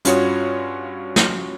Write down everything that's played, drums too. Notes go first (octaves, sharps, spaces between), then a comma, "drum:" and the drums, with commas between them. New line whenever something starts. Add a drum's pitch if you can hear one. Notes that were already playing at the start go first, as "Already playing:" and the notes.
G2 C#4 F4 F#4 C#5 D#6, drum: hi-hat
drum: snare